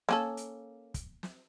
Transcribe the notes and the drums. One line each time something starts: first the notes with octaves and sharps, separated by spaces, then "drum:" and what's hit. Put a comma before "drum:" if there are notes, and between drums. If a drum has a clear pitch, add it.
A#3 C#4 A4, drum: snare
drum: hi-hat
drum: kick, hi-hat
drum: snare